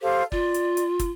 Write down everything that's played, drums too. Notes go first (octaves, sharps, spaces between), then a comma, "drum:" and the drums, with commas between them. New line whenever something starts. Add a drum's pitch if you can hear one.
G4 A4 C5 F5
F4 D5, drum: kick
drum: hi-hat
drum: hi-hat
drum: kick, hi-hat